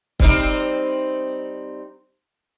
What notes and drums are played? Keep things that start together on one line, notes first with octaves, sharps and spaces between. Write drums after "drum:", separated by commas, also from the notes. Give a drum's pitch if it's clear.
G3 C4 D#4, drum: kick C#1